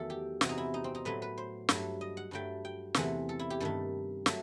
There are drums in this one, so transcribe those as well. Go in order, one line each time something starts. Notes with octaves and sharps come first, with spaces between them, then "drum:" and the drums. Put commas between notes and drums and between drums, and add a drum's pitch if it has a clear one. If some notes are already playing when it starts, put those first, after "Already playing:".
Already playing: E2 D#3 F#3 A3 A4
G4
E2 C3 E3 F#4, drum: snare
D#4
E4
D#4
C4
D#4
A2 F#3 A3 B4
B4
C5
G2 F#3 A3, drum: snare
D#5
F#5
G2 F#3 A3 G5
G5
E2 C3 E3 A3 F#5, drum: snare
A4
E4
G4
G2 D#3 A3 A4
F#3 A3, drum: snare